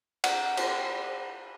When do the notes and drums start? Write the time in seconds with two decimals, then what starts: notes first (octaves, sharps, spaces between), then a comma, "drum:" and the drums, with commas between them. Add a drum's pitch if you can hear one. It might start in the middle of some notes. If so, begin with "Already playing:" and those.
0.24 F#5, drum: cymbal
0.57 drum: cymbal